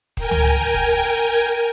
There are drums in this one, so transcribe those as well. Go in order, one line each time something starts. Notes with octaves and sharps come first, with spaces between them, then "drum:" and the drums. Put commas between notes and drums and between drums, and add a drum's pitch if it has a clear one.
A#4 G5 G#5, drum: kick D#1, hi-hat
drum: tom C#2
drum: hi-hat
drum: kick D#1
drum: hi-hat
drum: hi-hat
drum: hi-hat
drum: hi-hat